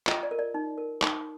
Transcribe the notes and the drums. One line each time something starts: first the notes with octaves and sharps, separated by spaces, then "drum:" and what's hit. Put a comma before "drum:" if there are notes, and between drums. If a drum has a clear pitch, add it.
F4 D#5, drum: clap
D5
A#4
D5
D#4
A#4
D#4, drum: clap